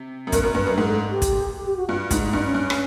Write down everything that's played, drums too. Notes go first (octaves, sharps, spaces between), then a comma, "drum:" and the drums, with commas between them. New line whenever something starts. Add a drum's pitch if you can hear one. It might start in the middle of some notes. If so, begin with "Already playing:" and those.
Already playing: C3
F#2
G2 A#4, drum: kick, hi-hat
F#2 A#4
G2 B4
F#2 B4
G#2 A#4
A4
G4
drum: kick, hi-hat
G4
F#4
G2 F4
G#2 D#4, drum: kick, hi-hat
D#4
G2 D4
C#4
G2
drum: rim click